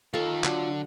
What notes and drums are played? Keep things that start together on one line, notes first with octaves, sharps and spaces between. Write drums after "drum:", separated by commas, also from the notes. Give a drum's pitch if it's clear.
D#3 F4 A4 F5 C#6
D3 F#3, drum: clap